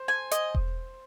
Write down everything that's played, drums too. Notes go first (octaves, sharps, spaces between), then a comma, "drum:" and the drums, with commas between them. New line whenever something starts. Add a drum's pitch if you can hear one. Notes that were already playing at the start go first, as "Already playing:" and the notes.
Already playing: C5
G#5
D#5, drum: hi-hat
drum: kick E1